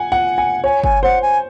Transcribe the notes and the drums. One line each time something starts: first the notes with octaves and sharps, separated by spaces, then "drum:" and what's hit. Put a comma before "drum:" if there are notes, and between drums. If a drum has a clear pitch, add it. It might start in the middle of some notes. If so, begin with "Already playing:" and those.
Already playing: F#5 G#5
F#5
F#5
G#5
C#5 G#5
G#5, drum: kick G1
C5 F#5
G#5